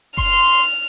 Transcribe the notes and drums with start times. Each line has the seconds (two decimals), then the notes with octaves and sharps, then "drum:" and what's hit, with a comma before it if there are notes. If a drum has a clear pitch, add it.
0.17 C6 F6, drum: kick G1